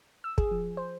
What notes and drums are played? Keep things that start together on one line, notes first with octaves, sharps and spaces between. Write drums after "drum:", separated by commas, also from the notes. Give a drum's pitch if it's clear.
E6
G#4, drum: kick
F3
C5